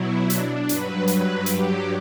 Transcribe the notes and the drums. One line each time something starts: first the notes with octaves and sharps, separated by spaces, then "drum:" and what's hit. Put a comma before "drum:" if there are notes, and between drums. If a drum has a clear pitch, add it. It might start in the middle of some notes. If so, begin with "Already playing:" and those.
Already playing: B2 F#3 E4
D4, drum: hi-hat
G2 F#3 B4, drum: hi-hat
B4, drum: hi-hat
G4, drum: hi-hat